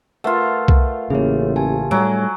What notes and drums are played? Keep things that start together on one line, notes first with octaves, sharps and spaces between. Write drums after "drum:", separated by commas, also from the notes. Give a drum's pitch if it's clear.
A3 F4 A#4 B4 F#5
drum: kick C2
A1 C#3 A#3 G#4 C#5
G4 G#5 A5
A2 F#3 G3 A3 G#5 D7